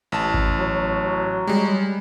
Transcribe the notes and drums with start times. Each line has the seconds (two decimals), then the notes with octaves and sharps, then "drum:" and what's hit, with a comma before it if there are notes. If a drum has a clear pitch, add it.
0.12 A1 A5
0.34 drum: kick G#1
0.59 F#3
1.47 G3 G#3